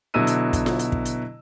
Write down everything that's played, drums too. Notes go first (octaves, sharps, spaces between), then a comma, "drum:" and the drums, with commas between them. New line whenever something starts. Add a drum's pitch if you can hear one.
B2 D3 F#3 E4 E6 D#7
drum: hi-hat
drum: kick, hi-hat
drum: snare F4
drum: hi-hat
drum: kick
drum: hi-hat